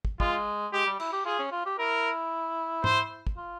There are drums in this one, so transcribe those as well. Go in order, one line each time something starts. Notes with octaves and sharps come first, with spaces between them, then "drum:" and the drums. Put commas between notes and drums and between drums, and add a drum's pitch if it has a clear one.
drum: kick
G#3 F4, drum: kick
G#3 G4
G3
E4, drum: cymbal
G4
F4 G#4
C#4
F4
G4
E4 A#4
C5, drum: tom G#2
drum: kick
F4